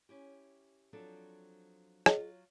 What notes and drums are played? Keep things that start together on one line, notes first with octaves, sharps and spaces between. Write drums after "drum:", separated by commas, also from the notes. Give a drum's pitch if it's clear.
C#4 E4 G4
F3 F#3 C4 D4 A4
drum: rim click
F#3 F4